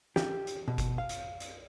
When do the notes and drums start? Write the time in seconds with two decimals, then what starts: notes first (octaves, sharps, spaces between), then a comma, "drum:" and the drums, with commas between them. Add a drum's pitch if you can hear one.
0.16 G4, drum: snare
0.47 drum: hi-hat
0.68 B2
0.78 drum: kick G1, hi-hat
0.98 F5
1.09 drum: hi-hat
1.40 drum: hi-hat